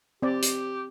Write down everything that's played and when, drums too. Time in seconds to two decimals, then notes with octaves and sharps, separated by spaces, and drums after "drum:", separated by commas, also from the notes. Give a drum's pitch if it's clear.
0.22 C4 G4 D5
0.42 drum: hi-hat